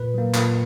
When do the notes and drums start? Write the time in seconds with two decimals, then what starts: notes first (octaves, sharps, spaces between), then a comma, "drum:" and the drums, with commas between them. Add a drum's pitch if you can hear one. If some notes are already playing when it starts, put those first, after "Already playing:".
Already playing: A#2 B4
0.14 F#3 A#3
0.34 A#2, drum: clap